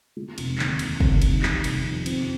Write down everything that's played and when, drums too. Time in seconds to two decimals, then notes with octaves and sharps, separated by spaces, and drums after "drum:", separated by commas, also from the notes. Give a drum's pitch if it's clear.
0.17 G#3
0.38 F1, drum: cymbal
0.58 D#2, drum: clap
0.79 D#4, drum: cymbal
1.00 C3, drum: kick
1.22 D#3, drum: cymbal
1.42 G3, drum: clap
1.64 F1, drum: cymbal
1.84 F2
2.06 C4, drum: cymbal